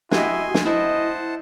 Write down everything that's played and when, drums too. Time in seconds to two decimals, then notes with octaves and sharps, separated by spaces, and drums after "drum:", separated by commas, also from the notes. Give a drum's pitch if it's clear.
0.11 E4 F#4 G4 D#5 G#5 C6, drum: snare
0.54 drum: snare
0.66 E4 C5 D#5 F#5 A5